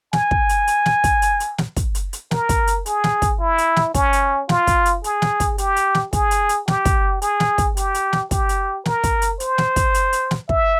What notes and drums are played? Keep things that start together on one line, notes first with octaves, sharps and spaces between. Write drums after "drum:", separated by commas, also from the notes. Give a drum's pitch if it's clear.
G#5, drum: snare
drum: kick
drum: hi-hat
drum: hi-hat
drum: snare
drum: kick, hi-hat
drum: hi-hat
drum: hi-hat
drum: snare
drum: kick, hi-hat
drum: hi-hat
drum: hi-hat
A#4, drum: snare
drum: kick, hi-hat
drum: hi-hat
G#4, drum: hi-hat
drum: snare
drum: kick, hi-hat
E4
drum: hi-hat
drum: snare
C#4, drum: kick, hi-hat
drum: hi-hat
F4, drum: snare
drum: kick, hi-hat
drum: hi-hat
G#4, drum: hi-hat
drum: snare
drum: kick, hi-hat
G4, drum: hi-hat
drum: hi-hat
drum: snare
G#4, drum: kick, hi-hat
drum: hi-hat
drum: hi-hat
G4, drum: snare
drum: kick, hi-hat
G#4, drum: hi-hat
drum: snare
drum: kick, hi-hat
G4, drum: hi-hat
drum: hi-hat
drum: snare
G4, drum: kick, hi-hat
drum: hi-hat
A#4, drum: snare
drum: kick, hi-hat
drum: hi-hat
C5, drum: hi-hat
drum: snare
drum: kick, hi-hat
drum: hi-hat
drum: hi-hat
drum: snare
E5, drum: kick